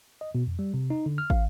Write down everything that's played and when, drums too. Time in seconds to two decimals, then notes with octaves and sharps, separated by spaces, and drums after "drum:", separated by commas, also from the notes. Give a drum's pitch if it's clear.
0.21 D#5
0.35 B2
0.47 F2
0.59 G3
0.74 C3
0.90 D#4
1.06 D3
1.18 F6
1.30 F5, drum: kick